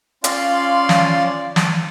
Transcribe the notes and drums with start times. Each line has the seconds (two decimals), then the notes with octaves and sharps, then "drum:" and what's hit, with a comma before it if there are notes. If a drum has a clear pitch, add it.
0.24 C#4 F4 D5 F5 C6, drum: hi-hat
0.89 drum: snare
1.56 drum: snare